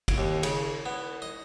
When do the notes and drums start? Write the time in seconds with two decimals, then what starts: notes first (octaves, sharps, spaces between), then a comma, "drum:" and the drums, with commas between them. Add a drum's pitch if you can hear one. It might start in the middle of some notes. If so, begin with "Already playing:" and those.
0.08 drum: kick, cymbal
0.18 D#2
0.43 C#3, drum: cymbal
0.86 B3
1.22 D#5